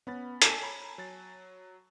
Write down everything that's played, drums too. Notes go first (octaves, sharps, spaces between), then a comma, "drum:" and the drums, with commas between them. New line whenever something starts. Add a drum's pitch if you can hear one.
B3 C#4 B5 A6
G#5 A5, drum: hi-hat
C#5 A#5 B5
F#3 A6